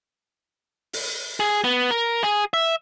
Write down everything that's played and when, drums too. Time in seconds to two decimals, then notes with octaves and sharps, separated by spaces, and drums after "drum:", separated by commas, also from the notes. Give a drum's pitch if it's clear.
0.93 drum: open hi-hat
1.40 G#4
1.64 B3
1.91 A#4
2.24 G#4
2.54 E5